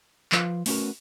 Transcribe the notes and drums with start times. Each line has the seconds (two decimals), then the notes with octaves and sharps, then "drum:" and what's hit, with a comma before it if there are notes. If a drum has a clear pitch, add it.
0.32 F3 F4 B4 F5, drum: clap
0.66 A3 B3 C#4 D#4 F#4 A#4, drum: open hi-hat